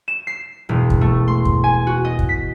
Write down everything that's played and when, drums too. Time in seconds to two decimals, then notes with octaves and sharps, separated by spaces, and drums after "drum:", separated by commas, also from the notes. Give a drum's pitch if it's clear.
0.08 E7
0.27 C7
0.69 E1
0.90 drum: kick
1.01 A3
1.28 C6
1.45 drum: kick
1.64 G#5
1.87 F#4
2.05 D#5
2.19 drum: kick
2.29 B6